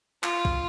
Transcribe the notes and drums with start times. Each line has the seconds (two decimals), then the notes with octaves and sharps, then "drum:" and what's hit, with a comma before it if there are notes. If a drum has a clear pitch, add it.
0.23 F4, drum: clap
0.45 drum: kick